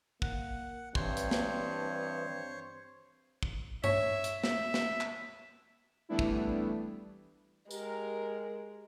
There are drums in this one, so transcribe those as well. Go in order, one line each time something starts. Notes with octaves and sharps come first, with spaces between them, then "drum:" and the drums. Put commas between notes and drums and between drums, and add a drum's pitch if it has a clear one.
A#3 F#5, drum: kick
G2 E3 C4 C5 C#5, drum: kick
drum: hi-hat
drum: snare
drum: kick
C#5 E5, drum: tom G2
drum: hi-hat
E5, drum: snare
drum: snare
drum: clap
E3 G3 A3 B3 D4 E4
drum: kick
G#3 G4 A#4, drum: tambourine